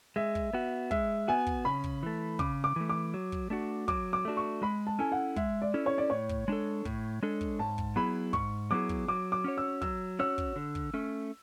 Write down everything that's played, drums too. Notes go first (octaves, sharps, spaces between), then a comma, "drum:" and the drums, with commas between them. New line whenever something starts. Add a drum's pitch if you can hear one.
G#3 E5
drum: kick
B3 F#4
G#3 E5, drum: kick
B3 F#4 G#5
drum: kick
C#3 B5
drum: kick
E3 A3
C#3 D6, drum: kick
D6
E3 A3
D6
F#3
drum: kick
A3 D4 F#4
F#3 D6, drum: kick
D6
A3 D4 F#4
C#6
G#3 B5
A5
C#4 E4 A4 G#5
F#5
G#3 E5, drum: kick
D5
C#4 E4 A4
C#5
D5
A2 C#5
drum: kick
G#3 D4 A4
A2, drum: kick
G#3 D4 A4
drum: kick
G#2 A5
drum: kick
F#3 B3 E4 G#4 B5
G#2 C#6, drum: kick
F#3 B3 E4 G#4 D6
drum: kick
F#3 D6
D6
C#4 F#4 C#5
E6
F#3 E6, drum: kick
C#4 F#4 C#5 E6
drum: kick
D3
drum: kick
A3 C#4